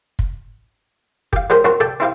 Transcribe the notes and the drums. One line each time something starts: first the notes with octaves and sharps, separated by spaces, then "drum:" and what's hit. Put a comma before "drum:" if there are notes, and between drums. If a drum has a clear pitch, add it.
drum: kick
G4 F5, drum: kick
F#3 G#3 G4 A#4 C5
F#2 C4 F#4 A#4 C6
G4 A4 D5 G5
C4 E4 G4 F5